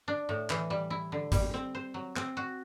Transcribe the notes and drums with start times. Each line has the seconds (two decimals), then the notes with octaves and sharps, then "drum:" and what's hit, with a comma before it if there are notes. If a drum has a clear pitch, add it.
0.08 D4
0.29 A2
0.50 E3, drum: clap
0.70 G3
0.90 E4
1.12 D3
1.32 G3, drum: kick, hi-hat
1.54 C4
1.75 C5
1.94 F#3
2.16 C4, drum: clap
2.37 F#4